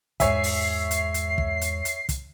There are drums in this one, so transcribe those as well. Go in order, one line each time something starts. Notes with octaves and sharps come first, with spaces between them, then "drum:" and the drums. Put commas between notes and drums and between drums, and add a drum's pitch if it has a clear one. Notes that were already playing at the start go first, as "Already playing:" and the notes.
E2 G#2 C#5 E5 G#5 C7, drum: kick, hi-hat
drum: open hi-hat
drum: hi-hat
drum: hi-hat
drum: kick
drum: hi-hat
drum: hi-hat
drum: kick, hi-hat